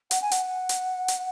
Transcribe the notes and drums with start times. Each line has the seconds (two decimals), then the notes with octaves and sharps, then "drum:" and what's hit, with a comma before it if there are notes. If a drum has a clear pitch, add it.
0.11 F#5, drum: hi-hat
0.22 G#5
0.32 F#5, drum: hi-hat
0.69 drum: hi-hat
1.08 drum: hi-hat